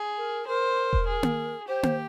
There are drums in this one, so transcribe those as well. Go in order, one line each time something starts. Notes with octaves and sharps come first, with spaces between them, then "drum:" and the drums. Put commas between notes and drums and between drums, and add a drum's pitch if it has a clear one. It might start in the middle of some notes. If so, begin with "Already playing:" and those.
Already playing: G#4
A#4
A#4 C5
drum: kick E1
G#4
drum: tom A#3
G4 C5
drum: tom A#3